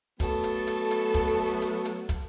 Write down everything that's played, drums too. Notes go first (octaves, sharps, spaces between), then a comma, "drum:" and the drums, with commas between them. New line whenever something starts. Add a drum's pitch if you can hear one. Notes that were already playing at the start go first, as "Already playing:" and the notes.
F#3 A3 B3 A4, drum: kick, hi-hat
drum: hi-hat
drum: hi-hat
drum: hi-hat
drum: kick, hi-hat
drum: hi-hat
drum: hi-hat
drum: kick, hi-hat